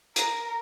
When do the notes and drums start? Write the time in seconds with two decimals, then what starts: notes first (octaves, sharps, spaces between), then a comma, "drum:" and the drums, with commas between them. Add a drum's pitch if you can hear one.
0.16 A#4, drum: hi-hat